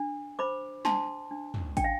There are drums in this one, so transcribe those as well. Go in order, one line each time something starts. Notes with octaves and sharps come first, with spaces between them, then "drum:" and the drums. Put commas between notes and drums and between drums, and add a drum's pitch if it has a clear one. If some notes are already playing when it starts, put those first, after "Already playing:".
Already playing: D4
C5 B5 D6
D4 A5 C6, drum: snare
D4
drum: tom
D4 G5, drum: kick, hi-hat
F5